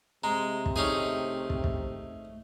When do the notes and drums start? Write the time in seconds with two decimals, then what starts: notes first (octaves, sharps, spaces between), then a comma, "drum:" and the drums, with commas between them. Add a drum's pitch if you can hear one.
0.24 C3 G#3 A#5
0.66 drum: kick
0.76 A3 C#4 D#4 G#4
1.50 drum: kick
1.64 drum: kick